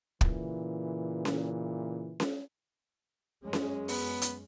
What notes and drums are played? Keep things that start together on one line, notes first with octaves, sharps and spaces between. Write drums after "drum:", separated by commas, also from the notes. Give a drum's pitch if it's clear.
A#2 C#3 E3, drum: kick
drum: snare C#4
drum: snare C#4
F#2 G#3 C#4
drum: snare C#4
B3, drum: open hi-hat
drum: hi-hat